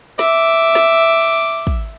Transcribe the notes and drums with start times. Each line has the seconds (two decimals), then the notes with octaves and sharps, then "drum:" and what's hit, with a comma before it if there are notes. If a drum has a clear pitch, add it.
0.19 E5 D6, drum: snare
0.75 drum: snare
1.21 drum: cymbal
1.67 drum: kick